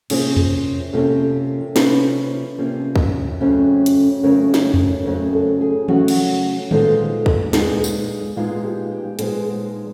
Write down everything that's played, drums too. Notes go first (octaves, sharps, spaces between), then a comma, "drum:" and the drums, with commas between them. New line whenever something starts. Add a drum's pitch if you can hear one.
C3 F3 A#3 C#4 G#4, drum: cymbal
drum: tom E2
C3 F3 A#3 C#4 A4
C3 F3 A#3 C#4 B4, drum: snare
C3 F3 A#3 C#4
drum: kick
F2 C#3 F#3 A3 C#4
drum: hi-hat
F2 C#3 F#3 A3 C#4 A#4
drum: snare
drum: tom E2
F2 C#3 F#3 A3 C#4 A#4
A4
G#4
F2 C#3 F#3 A3 C#4 F#4, drum: tom E3
drum: cymbal
A#2 F3 G#3 B3 D#4 A4, drum: tom D3
drum: kick
A#2 F3 G#3 B3 D#4 G#4, drum: snare
drum: tambourine
A#2 F3 G#3 B3 D#4 F4
G4
G4
A#2 F3 G#3 B3 D#4 G#4, drum: hi-hat